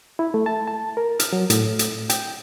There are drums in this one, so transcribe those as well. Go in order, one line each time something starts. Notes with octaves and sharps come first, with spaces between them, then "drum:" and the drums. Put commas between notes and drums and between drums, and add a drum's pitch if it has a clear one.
E4
A3
A5
A5
A#4
F6, drum: hi-hat
F#3
A2, drum: hi-hat
drum: hi-hat
G5, drum: hi-hat